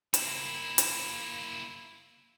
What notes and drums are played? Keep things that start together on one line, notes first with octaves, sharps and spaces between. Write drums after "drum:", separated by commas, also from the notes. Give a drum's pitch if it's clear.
A#3 E4, drum: hi-hat
drum: hi-hat